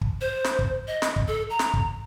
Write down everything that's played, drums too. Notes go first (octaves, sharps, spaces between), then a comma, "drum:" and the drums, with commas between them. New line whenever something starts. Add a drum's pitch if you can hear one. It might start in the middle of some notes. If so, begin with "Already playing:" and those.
drum: kick
C5
drum: snare
drum: kick
D#5
drum: snare
drum: kick
A4
A#5
drum: snare
drum: kick